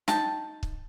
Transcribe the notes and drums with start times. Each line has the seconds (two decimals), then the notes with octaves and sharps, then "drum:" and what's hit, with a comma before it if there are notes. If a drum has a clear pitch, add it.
0.08 D#4 G5 A5, drum: snare
0.63 drum: kick